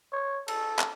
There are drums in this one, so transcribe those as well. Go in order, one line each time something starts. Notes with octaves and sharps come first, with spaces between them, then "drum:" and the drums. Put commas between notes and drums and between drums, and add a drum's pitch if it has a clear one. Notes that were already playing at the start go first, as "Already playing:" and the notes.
C#5
A4, drum: cymbal
drum: clap